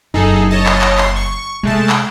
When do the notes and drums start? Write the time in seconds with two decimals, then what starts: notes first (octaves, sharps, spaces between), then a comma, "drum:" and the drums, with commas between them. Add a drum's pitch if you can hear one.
0.14 F#1 D#4 G#4 A4
0.51 C#5 D#5 A5
0.66 drum: clap
0.82 drum: clap
0.98 C6, drum: clap
1.16 C#6
1.63 C3 G#3 A3 A5
1.90 drum: clap